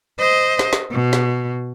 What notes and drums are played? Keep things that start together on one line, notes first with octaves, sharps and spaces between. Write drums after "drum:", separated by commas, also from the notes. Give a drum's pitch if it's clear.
C5 D#5
drum: snare
drum: snare
B2
drum: snare